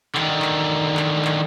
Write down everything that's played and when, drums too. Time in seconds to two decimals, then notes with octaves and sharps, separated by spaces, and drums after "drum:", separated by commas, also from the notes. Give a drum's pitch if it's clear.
0.15 D3 D#3, drum: clap
0.42 drum: clap
0.97 drum: clap
1.25 drum: clap